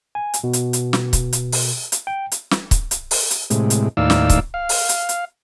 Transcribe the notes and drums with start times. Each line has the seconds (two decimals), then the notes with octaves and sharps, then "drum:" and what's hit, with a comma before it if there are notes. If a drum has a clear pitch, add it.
0.15 G#5
0.34 drum: hi-hat
0.44 B2
0.53 drum: hi-hat
0.73 drum: hi-hat
0.93 drum: snare
1.13 drum: kick, hi-hat
1.33 drum: hi-hat
1.52 drum: open hi-hat
1.92 drum: hi-hat
2.07 G5
2.32 drum: hi-hat
2.51 drum: snare
2.71 drum: kick, hi-hat
2.91 drum: hi-hat
3.11 drum: open hi-hat
3.31 drum: hi-hat
3.50 A2 C3 G#3, drum: hi-hat
3.70 drum: hi-hat
3.97 D#2 A2 D#4 D5 F5 E6
4.10 drum: snare
4.30 drum: kick, hi-hat
4.54 F5
4.69 drum: open hi-hat
4.89 drum: hi-hat
5.09 drum: hi-hat